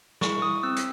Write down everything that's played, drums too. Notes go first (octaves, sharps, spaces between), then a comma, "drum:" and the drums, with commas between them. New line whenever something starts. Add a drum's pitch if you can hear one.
E4 C#6, drum: snare
D#6
C4 E6
drum: hi-hat